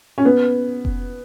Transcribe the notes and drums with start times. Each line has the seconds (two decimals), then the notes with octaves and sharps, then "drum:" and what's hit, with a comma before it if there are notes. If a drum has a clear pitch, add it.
0.18 C#4
0.25 B3
0.85 drum: kick F1